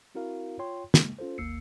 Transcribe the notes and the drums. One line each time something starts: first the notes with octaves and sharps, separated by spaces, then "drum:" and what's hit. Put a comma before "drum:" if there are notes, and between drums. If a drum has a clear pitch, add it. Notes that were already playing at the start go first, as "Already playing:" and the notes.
C4 E4 F#4 A#4 F5
F4 C#5 G5 C6
C#3 G#3 A#3, drum: snare
C#4 F4 A4 C5
G#1 D#2 A#3 E6 C7 C#7